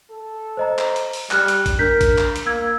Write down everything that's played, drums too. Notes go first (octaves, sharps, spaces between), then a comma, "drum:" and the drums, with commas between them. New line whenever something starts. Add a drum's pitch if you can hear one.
A4
C5 D#5 A#5
drum: clap
drum: hi-hat
drum: open hi-hat
G3 F6 F#6, drum: clap
drum: hi-hat
drum: kick A1, hi-hat
D4 A#4 G6 B6
drum: kick A1, hi-hat
drum: clap
drum: hi-hat
A#3 E6 G#6